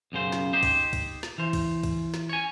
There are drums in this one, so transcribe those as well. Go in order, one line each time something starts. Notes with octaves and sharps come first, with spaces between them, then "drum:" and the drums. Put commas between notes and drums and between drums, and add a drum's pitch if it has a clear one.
B1 F#2 C#3 C5
drum: snare
D#4 G4 C5
drum: kick, cymbal
drum: kick, cymbal
drum: snare
E3 C5
drum: kick, cymbal
drum: kick, cymbal
drum: snare
C#5 G#5